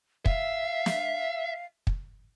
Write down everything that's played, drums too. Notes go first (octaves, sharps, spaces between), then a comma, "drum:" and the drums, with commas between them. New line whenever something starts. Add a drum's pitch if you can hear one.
E5 F5, drum: kick
drum: snare
drum: kick